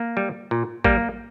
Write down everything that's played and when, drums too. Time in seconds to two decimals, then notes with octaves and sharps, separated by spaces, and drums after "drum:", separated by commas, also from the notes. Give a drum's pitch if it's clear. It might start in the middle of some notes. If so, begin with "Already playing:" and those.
Already playing: A#3
0.17 G3
0.51 A#2
0.84 G3 A#3, drum: kick A1